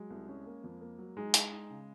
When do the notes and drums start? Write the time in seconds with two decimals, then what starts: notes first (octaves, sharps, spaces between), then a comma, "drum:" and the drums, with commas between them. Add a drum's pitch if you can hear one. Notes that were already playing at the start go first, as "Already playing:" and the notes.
Already playing: F#3 G#3
0.10 C2
0.28 C#4
0.46 A#3
0.64 F2
0.81 A#3
0.99 F#3
1.17 G#3 D#4
1.34 D#4, drum: hi-hat
1.52 D#4
1.70 C#3